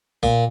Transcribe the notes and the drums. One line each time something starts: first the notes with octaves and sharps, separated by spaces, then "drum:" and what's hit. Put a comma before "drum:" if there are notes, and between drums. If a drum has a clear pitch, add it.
A#2, drum: kick A#1, tambourine